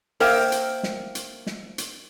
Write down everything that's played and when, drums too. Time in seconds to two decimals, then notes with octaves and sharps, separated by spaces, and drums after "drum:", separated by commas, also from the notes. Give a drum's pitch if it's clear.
0.20 A#3 A#4 C5 E5 G5, drum: open hi-hat
0.52 drum: hi-hat
0.83 drum: snare
1.15 drum: hi-hat
1.47 drum: snare
1.78 drum: hi-hat